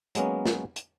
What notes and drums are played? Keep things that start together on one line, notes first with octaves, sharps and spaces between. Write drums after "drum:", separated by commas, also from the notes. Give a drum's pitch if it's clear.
F#3 G#3 A#3 B3 C#4, drum: hi-hat
drum: snare
drum: hi-hat